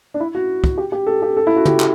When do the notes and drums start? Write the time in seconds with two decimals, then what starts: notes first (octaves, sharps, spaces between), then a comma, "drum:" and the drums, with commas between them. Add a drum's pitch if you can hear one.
0.14 D4
0.20 E4
0.35 F#4
0.64 drum: kick
0.78 G4
0.92 G4
1.07 A4
1.22 G4
1.37 A4
1.47 E4
1.56 F#4
1.65 G4, drum: tom
1.80 drum: clap